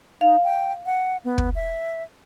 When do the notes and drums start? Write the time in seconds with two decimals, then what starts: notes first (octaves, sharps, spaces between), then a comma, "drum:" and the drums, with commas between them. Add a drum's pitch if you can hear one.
0.21 D#4 F5
0.44 G5
0.86 F#5
1.24 B3
1.38 drum: kick
1.55 E5